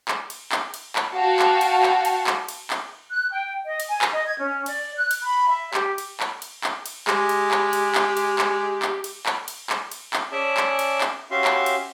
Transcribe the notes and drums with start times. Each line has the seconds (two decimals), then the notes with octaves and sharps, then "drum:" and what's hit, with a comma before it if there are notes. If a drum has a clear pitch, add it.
0.08 drum: clap
0.30 drum: cymbal
0.52 drum: clap
0.74 drum: cymbal
0.96 drum: clap
1.12 F#4 F5 G5 A5
1.39 drum: clap
1.61 drum: cymbal
1.83 drum: clap
2.05 drum: cymbal
2.27 drum: clap
2.49 drum: cymbal
2.70 drum: clap
3.11 F#6
3.32 G5
3.65 D#5
3.80 drum: cymbal
3.90 G#5
4.02 drum: clap
4.12 D#5
4.26 G#6
4.38 C#4
4.66 D5, drum: cymbal
4.95 F#6
5.11 drum: cymbal
5.25 B5
5.48 E5
5.74 G4, drum: clap
5.98 drum: cymbal
6.20 drum: clap
6.42 drum: cymbal
6.64 drum: clap
6.86 drum: cymbal
7.07 G#3 G4, drum: clap
7.29 drum: cymbal
7.51 drum: clap
7.73 drum: cymbal
7.95 drum: clap
8.17 drum: cymbal
8.39 drum: clap
8.82 drum: clap
9.04 drum: cymbal
9.26 drum: clap
9.48 drum: cymbal
9.70 drum: clap
9.92 drum: cymbal
10.13 drum: clap
10.32 C#4 G#4 D5 E5 A5
10.57 drum: clap
10.79 drum: cymbal
11.01 drum: clap
11.31 C#4 F#4 G4 E5 F5 C6
11.44 drum: clap
11.66 drum: cymbal